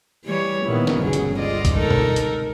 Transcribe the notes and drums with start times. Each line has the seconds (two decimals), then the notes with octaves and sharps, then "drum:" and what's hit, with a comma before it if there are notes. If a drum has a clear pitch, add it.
0.25 E3 G3 C#5
0.66 A#2 D#3 B3 E4
0.87 drum: snare
0.99 G1 C#2 C#3 F#3 G#4
1.13 drum: hi-hat
1.39 F4 D5 D#5
1.65 drum: kick B1, hi-hat
1.75 D#4 A4 A#4
1.91 drum: tom B2
2.16 drum: hi-hat